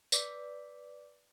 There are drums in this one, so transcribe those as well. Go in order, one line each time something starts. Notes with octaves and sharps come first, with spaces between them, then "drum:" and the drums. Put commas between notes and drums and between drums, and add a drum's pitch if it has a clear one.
B4 D5 D6 B6, drum: tambourine